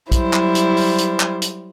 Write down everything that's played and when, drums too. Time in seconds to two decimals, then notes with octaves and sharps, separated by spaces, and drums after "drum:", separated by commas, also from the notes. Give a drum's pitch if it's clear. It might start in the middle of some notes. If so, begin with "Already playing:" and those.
0.12 F#3 G3 E4 C5, drum: kick, hi-hat
0.33 drum: clap
0.55 drum: hi-hat
0.77 drum: open hi-hat
0.98 drum: hi-hat
1.20 drum: clap
1.42 drum: hi-hat